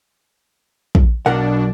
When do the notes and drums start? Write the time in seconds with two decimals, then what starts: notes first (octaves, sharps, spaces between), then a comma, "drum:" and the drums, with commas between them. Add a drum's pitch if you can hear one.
0.95 drum: kick
1.26 B1 B2 D4 A#4 F#5